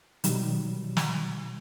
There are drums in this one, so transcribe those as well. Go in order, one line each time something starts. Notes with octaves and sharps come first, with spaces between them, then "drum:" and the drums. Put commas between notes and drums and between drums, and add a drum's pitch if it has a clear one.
B2 D#3 F#3 G3, drum: hi-hat
drum: snare